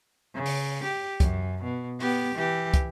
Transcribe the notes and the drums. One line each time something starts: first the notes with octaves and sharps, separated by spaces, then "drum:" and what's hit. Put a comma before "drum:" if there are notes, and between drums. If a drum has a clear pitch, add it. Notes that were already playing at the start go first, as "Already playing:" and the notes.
C#3
drum: open hi-hat
G4
F#2, drum: kick, hi-hat
B2
B3 G4, drum: open hi-hat
E3 G4
drum: kick, hi-hat